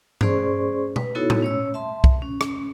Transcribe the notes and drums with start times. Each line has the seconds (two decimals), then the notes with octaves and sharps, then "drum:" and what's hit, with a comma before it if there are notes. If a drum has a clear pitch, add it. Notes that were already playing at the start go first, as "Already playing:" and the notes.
0.21 C#4 G#4 C5 D5 C6 C#6, drum: tom G2
0.96 B4, drum: tom B2
1.15 B3 D#4 E4 F#4 A4 C#5
1.30 drum: tom A2
1.42 C#4 C#5 E6
1.74 E5 A5 C6
2.04 drum: kick
2.22 C#4
2.41 drum: rim click